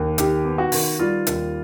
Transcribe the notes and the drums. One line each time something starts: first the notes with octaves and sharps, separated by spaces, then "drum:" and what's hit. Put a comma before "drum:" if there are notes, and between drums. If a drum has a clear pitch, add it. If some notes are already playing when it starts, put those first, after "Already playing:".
Already playing: D#2
D#3 G4, drum: hi-hat
B3
F#4
D#3, drum: open hi-hat
G3 F4
D#2, drum: hi-hat